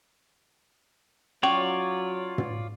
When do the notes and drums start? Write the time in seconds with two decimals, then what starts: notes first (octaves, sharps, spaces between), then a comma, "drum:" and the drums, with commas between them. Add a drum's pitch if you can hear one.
1.43 F#3 C#4 F4 C#5 D5 C#6
2.38 drum: tom